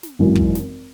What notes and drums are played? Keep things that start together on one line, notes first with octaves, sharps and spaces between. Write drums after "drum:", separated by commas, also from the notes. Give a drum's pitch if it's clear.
drum: snare
G#1 F#2 E3
drum: kick
drum: snare